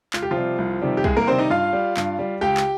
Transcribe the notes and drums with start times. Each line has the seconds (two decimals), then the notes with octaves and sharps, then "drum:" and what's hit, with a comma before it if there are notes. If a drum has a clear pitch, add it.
0.13 C#2 F4, drum: clap
0.22 G4
0.31 F3 F4
0.36 C3 G3
0.58 C2
0.82 C3 D#3 G3
0.97 G4
1.04 C2 G#3 G#4, drum: kick B1
1.17 A#3 A#4
1.27 C3 D#3 G3 C4 C5
1.38 D#4 D#5
1.50 G2 F4 F5
1.73 G3
1.97 G2, drum: clap
2.19 G3
2.41 C#2 G4 G5
2.57 drum: clap